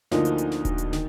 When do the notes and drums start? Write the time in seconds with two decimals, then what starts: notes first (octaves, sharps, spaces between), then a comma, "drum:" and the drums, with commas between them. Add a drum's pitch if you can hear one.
0.11 D2 D3 F3 A#3 D#4, drum: snare
0.25 drum: hi-hat
0.38 drum: hi-hat
0.52 drum: snare
0.65 drum: kick D#1, hi-hat
0.78 drum: hi-hat
0.93 D#3, drum: snare